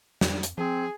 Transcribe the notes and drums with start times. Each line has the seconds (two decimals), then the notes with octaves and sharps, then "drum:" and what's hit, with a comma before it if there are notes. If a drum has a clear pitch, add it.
0.21 F2, drum: snare
0.43 drum: hi-hat
0.58 F3 C4 G#4